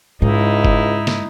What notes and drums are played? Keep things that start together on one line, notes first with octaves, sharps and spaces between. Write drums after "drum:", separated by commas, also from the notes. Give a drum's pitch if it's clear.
C#2 G#2 D#4 E4
drum: kick F#1
drum: snare